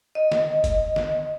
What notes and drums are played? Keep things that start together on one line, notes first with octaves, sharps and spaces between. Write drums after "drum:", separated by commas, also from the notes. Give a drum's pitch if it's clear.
D#5
drum: snare
drum: kick, hi-hat
drum: snare